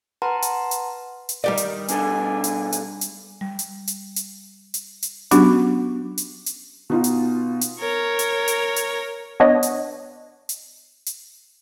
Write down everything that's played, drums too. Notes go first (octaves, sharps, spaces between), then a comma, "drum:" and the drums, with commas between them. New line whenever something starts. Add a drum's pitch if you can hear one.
B4 F#5 A5 A#5 C6
drum: hi-hat
drum: hi-hat
drum: hi-hat
D#3 G3 G4 D5 D#5
drum: hi-hat
B2 D4 A4 G#5, drum: hi-hat
drum: hi-hat
drum: hi-hat
drum: hi-hat
G3
drum: hi-hat
drum: hi-hat
drum: hi-hat
drum: hi-hat
drum: hi-hat
F#3 B3 C#4 D4 F#4 G4, drum: hi-hat
drum: hi-hat
drum: hi-hat
B2 D#4 F4
drum: hi-hat
drum: hi-hat
A#4 C#5
drum: hi-hat
drum: hi-hat
drum: hi-hat
B3 D4 C#5 D#5
drum: hi-hat
drum: hi-hat
drum: hi-hat